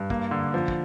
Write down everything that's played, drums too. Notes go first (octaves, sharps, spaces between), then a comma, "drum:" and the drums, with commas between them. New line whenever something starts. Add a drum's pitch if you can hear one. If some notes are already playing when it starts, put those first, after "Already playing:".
Already playing: G2
A#3, drum: kick
D3
F3
drum: kick